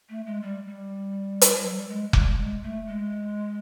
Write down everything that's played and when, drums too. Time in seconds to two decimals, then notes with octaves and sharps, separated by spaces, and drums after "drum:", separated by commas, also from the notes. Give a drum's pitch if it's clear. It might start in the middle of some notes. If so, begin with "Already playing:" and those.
0.10 A3
0.26 G#3
0.42 G3
0.67 G3
1.41 drum: hi-hat
1.63 F#3
1.76 G3
1.88 G#3
2.13 G3, drum: kick F1
2.38 G#3
2.63 A3
2.86 G#3